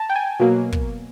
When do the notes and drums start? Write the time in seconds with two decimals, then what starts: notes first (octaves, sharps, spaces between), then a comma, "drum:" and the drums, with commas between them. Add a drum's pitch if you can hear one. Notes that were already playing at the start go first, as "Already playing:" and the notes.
Already playing: A5 A#5
0.10 G5
0.16 G#5
0.40 B2 F#3 A#3
0.72 drum: kick